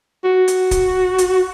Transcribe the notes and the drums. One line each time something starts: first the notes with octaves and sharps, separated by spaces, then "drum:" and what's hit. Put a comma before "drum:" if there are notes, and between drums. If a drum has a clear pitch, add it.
F#4
drum: hi-hat
drum: kick D1, hi-hat
drum: hi-hat